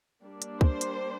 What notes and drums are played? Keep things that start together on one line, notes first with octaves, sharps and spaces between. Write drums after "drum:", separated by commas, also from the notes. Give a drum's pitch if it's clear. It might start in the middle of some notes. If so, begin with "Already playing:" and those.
G3 A#3 D4
drum: hi-hat
C5, drum: kick
drum: hi-hat